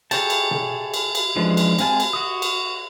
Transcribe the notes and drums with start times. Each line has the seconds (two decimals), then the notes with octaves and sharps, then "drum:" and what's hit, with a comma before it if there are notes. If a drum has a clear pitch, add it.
0.11 G#4 A4 C#5 G5 A5, drum: cymbal
0.30 drum: cymbal
0.51 drum: tom B2
0.94 drum: cymbal
1.15 drum: cymbal
1.36 E3 F3 G#3 C#4 D4
1.57 drum: cymbal
1.78 G#3 C4 F5 G#5 A5, drum: cymbal
2.00 drum: cymbal
2.13 F#4 D#6
2.42 drum: cymbal